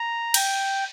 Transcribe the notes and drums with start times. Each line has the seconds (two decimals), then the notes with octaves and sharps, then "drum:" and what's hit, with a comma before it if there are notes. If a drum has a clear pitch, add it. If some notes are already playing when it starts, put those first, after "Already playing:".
Already playing: A#5
0.34 G5, drum: cymbal